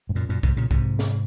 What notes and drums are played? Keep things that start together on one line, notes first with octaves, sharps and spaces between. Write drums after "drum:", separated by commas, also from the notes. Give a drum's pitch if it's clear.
G#2
F#2 A#2
F#2 A#2
G#2 C3, drum: kick B1
A#2 C#3
G#2 C3, drum: kick B1
drum: snare